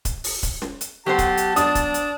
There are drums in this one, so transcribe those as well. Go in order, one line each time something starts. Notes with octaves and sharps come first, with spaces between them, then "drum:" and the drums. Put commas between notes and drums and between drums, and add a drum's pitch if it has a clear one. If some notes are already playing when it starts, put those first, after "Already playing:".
drum: kick, hi-hat
drum: open hi-hat
drum: kick, hi-hat
drum: snare
drum: hi-hat
F#3 B3 G4 C5 A5
drum: kick, hi-hat
drum: hi-hat
D4 D#6, drum: hi-hat
drum: kick, hi-hat
drum: hi-hat